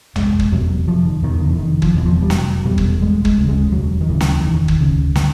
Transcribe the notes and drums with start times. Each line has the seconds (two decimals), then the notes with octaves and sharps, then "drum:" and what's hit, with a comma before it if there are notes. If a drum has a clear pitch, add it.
0.16 F1 G#3, drum: tom A#1
0.39 drum: kick
0.52 E2 B2 F#3
0.87 F1 F3
1.05 D#3
1.22 E2 B2 D#3
1.40 D3
1.53 E3
1.58 F1 D#3
1.82 F3, drum: kick
1.94 E2 B2 E3
2.06 F3
2.22 G3
2.30 F1 F#3, drum: snare
2.65 E2 B2 G3
2.78 drum: kick
3.01 E1 G#3
3.25 G#3, drum: kick
3.38 D2 C#3
3.49 G#3
3.72 E1 F#3
4.01 D#3
4.09 D2 C#3 E3
4.21 drum: snare
4.44 E1 D#3
4.68 drum: kick
4.81 D2 C#3
5.16 D3, drum: snare